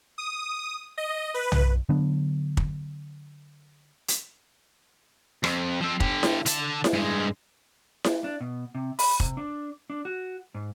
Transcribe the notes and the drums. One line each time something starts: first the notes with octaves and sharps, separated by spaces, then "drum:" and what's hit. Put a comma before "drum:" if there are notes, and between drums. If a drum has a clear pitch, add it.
D#6
D#5
B4
drum: tom
D3 F#3 B3 D4
drum: kick
drum: hi-hat
F2, drum: rim click
F3 C4
D3 G4, drum: kick
drum: snare E4
D3 A5, drum: hi-hat
drum: snare E4
G2 G#3
drum: snare E4
D4
B2
C3
B5, drum: open hi-hat
C3, drum: kick
D4
D4
F#4
G#2